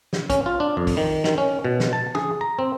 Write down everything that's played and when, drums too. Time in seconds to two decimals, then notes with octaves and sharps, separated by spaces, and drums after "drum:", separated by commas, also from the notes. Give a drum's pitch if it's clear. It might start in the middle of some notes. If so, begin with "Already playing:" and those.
0.13 drum: snare
0.30 C#4, drum: kick, hi-hat
0.46 F4
0.60 D4
0.77 F2
0.87 drum: kick, open hi-hat
0.97 D#3
1.24 D#3, drum: snare
1.38 C#4
1.65 B2
1.80 drum: snare
1.93 A5
2.15 G#4, drum: tom
2.41 A#5
2.59 C4